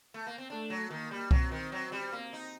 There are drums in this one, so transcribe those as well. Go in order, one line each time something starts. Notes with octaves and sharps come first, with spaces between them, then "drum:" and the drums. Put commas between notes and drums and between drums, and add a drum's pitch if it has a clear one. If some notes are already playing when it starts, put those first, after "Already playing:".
A3
A#3
C4
A3 D4
F#3
D#3 A#3
G3
F#3 C4, drum: kick C2
D#3
F#3
G3
A#3
D#4